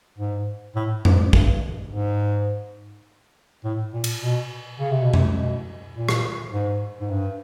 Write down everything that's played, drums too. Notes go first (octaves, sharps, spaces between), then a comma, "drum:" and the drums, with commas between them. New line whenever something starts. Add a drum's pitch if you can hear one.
G#2
A2
G#2, drum: tom F2
G2, drum: kick
G#2
A2
A#2
drum: cymbal
B2
C#3
C3
B2
C3, drum: tom F2
B2
A#2
drum: rim click
G#2
G#2
G2